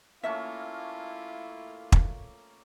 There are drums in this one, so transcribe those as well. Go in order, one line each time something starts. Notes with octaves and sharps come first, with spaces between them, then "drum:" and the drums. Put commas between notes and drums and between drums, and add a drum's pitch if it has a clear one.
A3 A#3 C#4 E4 F4 E5
drum: kick